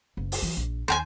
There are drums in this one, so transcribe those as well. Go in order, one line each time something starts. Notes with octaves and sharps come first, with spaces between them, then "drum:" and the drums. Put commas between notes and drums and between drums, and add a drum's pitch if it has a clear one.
F#1
drum: open hi-hat
E3
A#1
D#2 C5 G5 G#5